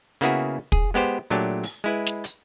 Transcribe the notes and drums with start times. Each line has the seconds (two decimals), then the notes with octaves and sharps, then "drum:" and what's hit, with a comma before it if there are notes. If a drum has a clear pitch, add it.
0.21 C#3 A#3 B3 E4 F#4 G#4, drum: hi-hat
0.72 G#4, drum: kick
0.94 G#3 B3 G4 C5
1.30 A#2 F#3 A3 D4 G4
1.63 drum: open hi-hat
1.84 G#3 E4 B4
2.07 drum: snare
2.24 drum: hi-hat